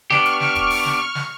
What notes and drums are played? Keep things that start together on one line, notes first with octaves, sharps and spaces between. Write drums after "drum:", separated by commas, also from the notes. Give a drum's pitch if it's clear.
B3 D4 G4 C#6 F6 D7, drum: snare
drum: hi-hat
drum: snare
drum: kick, hi-hat
drum: open hi-hat
drum: snare
drum: snare